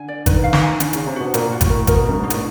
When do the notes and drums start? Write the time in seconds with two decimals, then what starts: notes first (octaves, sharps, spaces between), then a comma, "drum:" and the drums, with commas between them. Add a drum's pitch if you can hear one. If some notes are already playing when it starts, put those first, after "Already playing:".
Already playing: D3 G#5
0.08 D5
0.26 D#3 B4, drum: kick, hi-hat
0.44 F5
0.53 D#3, drum: snare
0.62 G#5
0.80 D#3 D4, drum: hi-hat
0.93 C#3, drum: hi-hat
0.98 D4
1.07 C3
1.16 B2 F#4
1.34 A#2 A#4, drum: hi-hat
1.52 F#4
1.61 A2, drum: kick, hi-hat
1.69 A#4
1.87 B2 A#4, drum: kick, hi-hat
2.05 G2 A#4
2.19 G#2 D4
2.30 A2, drum: hi-hat